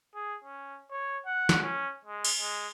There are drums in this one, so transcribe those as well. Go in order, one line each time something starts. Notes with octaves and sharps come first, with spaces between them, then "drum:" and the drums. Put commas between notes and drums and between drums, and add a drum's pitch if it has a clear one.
G#4
C#4
C#5
F#5
drum: snare
C#4
G#3
drum: cymbal
G#3